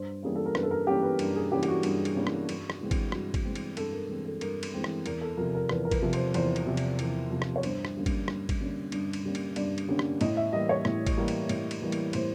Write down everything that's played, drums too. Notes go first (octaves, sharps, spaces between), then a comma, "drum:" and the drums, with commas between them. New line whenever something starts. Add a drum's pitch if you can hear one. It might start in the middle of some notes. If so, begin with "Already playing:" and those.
Already playing: G2 C5
E3 G3 A#3 C#4 G#4
A4
A#4
G2 B4, drum: rim click
A4
A#4
E3 G3 A#3 C#4 G4
B4
G2, drum: cymbal
G#4
E3 G3 A#3 C#4 G4
G4, drum: cymbal
F#4
G2, drum: cymbal
drum: cymbal
E3 G3 A#3 C#4
drum: rim click
G2, drum: cymbal
drum: rim click
E3 G#3 C4
drum: kick G#1, cymbal
G2 F#4, drum: rim click
drum: kick G#1, cymbal
E3 G#3 C4
drum: cymbal
G2 A4, drum: cymbal
A#4
E3 G#3 C4
A4
G2 A#4, drum: cymbal
drum: cymbal
E3 G#3 C4
drum: rim click
E2 A#4, drum: cymbal
A4
C3 F3 A#4
A#4
E2 B4, drum: rim click
A#4
B4, drum: kick G#1, cymbal
C3 F3
C5, drum: cymbal
E2 C5, drum: cymbal
drum: cymbal
C3 F3
drum: cymbal
E2, drum: cymbal
C3 F3
drum: rim click
C#5
G2 C5, drum: cymbal
drum: rim click
D3 G3 A#3 C#4
drum: kick G#1, cymbal
G2, drum: rim click
drum: kick G#1, cymbal
D3 G3 A#3 C#4
G2, drum: cymbal
drum: cymbal
D3 G3 A#3 C#4
drum: cymbal
G2 D5, drum: cymbal
drum: cymbal
D3 G3 A#3 C#4
drum: rim click
A2 D#5, drum: cymbal
E5
E3 G3 A#3 D#5
C#5
A2, drum: rim click
drum: kick G#1, cymbal
E3 G3 A#3
drum: cymbal
A2, drum: cymbal
drum: cymbal
E3 G3 A#3
drum: cymbal
A2 C5, drum: cymbal